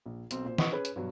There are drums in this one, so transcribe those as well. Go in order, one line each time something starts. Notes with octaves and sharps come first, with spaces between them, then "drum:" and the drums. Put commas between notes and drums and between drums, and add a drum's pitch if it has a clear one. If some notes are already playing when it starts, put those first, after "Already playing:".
A#1
B1 C4, drum: hi-hat
A#2 C5
B4 D#5 F#5 C#6 D#6, drum: snare
C#4 G#4 B4 B5
drum: hi-hat
G2 B2 F#3